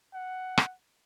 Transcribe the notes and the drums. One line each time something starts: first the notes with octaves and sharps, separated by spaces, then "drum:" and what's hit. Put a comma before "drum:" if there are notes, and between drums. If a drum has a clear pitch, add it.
F#5
drum: rim click